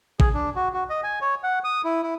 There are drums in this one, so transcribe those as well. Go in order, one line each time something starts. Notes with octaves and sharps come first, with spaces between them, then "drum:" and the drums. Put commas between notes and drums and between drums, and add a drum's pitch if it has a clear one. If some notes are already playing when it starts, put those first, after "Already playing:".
G#4, drum: kick
D4
F#4
F#4
D#5
G#5
C#5
F#5
D#6
E4
E4